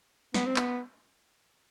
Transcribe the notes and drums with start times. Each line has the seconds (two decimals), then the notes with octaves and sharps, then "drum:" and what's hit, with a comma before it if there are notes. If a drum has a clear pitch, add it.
0.34 B3, drum: snare
0.46 C4
0.56 B3, drum: clap